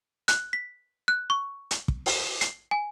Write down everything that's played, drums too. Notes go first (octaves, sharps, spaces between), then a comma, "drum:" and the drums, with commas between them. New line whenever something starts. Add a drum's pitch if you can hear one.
F#6, drum: hi-hat
B6
F#6
C#6
drum: hi-hat
drum: kick
drum: open hi-hat
C7, drum: hi-hat
G#5